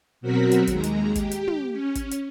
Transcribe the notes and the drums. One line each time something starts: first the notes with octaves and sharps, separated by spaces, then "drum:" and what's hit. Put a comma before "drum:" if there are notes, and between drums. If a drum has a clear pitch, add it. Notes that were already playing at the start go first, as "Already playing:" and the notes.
B2 F#3 C4 F#4 A#4 B6
drum: hi-hat
D#2 G#3 A#5, drum: kick, hi-hat
drum: hi-hat
G4, drum: kick, hi-hat
drum: hi-hat
drum: tom
C#4
drum: kick, hi-hat
drum: hi-hat